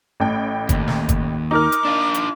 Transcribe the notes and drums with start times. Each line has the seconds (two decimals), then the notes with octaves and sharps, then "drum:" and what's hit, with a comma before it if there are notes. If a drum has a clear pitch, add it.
0.20 A1 A2 G5
0.69 D#2, drum: kick, hi-hat
0.88 drum: snare
1.09 drum: kick, hi-hat
1.51 D#4 A#4 D6 F6
1.72 drum: hi-hat
1.85 D4 F4
2.14 drum: hi-hat